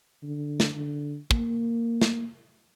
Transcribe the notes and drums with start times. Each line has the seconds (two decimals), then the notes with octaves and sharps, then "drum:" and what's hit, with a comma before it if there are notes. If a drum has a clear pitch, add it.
0.22 D3
0.60 drum: snare
0.75 D3
1.31 A#3, drum: kick
2.01 drum: snare